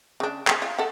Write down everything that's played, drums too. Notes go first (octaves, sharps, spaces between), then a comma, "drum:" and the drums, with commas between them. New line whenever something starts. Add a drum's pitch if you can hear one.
C#3 D4
G4 G#4, drum: clap
F4
A4 F#5